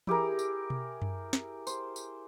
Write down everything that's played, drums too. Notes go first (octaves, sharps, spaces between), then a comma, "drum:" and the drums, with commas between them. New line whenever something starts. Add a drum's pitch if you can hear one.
E4 G4 G#4 A#4, drum: tom E3
drum: tambourine
drum: tom B2
drum: tom F#2
drum: snare
C5, drum: tambourine
drum: tambourine